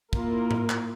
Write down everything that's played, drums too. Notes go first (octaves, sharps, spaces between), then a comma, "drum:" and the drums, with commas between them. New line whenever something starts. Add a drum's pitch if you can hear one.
A#3 E4 F4 A#4, drum: kick
drum: tom A2
drum: clap